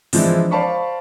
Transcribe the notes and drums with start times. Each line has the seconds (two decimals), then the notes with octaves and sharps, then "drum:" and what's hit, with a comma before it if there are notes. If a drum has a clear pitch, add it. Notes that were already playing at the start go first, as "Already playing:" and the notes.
0.13 E3 F3 G#3 C4 D4 E4, drum: open hi-hat
0.51 C5 D5 F5 A5 B5 C#6